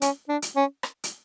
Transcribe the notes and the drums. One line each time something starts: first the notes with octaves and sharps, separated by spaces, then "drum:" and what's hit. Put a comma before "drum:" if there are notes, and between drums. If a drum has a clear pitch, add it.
C#4, drum: hi-hat
D4
drum: hi-hat
C#4
drum: rim click
drum: hi-hat